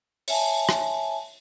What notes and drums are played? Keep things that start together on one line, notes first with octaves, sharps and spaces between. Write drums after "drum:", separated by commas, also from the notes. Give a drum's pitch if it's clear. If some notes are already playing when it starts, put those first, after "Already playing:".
C#5 E5 G#5 A5, drum: open hi-hat
drum: rim click